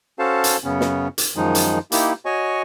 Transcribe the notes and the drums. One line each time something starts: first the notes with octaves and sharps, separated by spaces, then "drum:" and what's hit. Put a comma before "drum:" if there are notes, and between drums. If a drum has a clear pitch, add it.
C#4 F#4 A4 C5 F5 A5
drum: hi-hat
F#2 C#3 B3 C#4
drum: snare
drum: hi-hat
F#2 D#3 F3 G#3 D#4
drum: hi-hat
A#3 D#4 E4 G4, drum: hi-hat
F#4 C#5 D#5 G#5 C#6